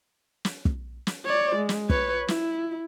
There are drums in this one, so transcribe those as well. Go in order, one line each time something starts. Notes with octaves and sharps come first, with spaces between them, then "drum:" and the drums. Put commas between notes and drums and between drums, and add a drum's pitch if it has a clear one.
drum: snare
drum: kick
drum: snare
C#5 D5
G#3
drum: snare
B4 C#5, drum: kick
E4, drum: snare